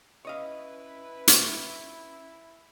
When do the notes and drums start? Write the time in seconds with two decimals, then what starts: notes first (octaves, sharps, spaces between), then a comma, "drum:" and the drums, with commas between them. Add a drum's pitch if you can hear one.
0.25 C#4 E4 B4 C#5 D#5 F5
1.28 drum: hi-hat